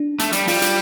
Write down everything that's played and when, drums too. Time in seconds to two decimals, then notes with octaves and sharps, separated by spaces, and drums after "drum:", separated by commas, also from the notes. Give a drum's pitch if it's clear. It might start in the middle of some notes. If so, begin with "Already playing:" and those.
Already playing: D4
0.19 A3, drum: hi-hat
0.33 G3, drum: hi-hat
0.48 G3 F4, drum: open hi-hat
0.62 F4, drum: hi-hat